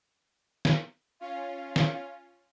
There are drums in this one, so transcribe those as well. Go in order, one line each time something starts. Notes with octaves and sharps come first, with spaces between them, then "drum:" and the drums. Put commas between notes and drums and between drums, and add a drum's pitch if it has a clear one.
drum: snare
C#4 F4 F5
drum: snare